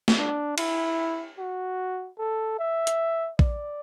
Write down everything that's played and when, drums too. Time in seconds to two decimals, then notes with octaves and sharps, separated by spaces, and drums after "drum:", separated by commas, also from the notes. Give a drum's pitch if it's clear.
0.08 drum: snare
0.17 D4
0.58 E4, drum: cymbal
1.38 F#4
2.18 A4
2.59 E5
2.87 drum: hi-hat
3.39 D5, drum: kick A#1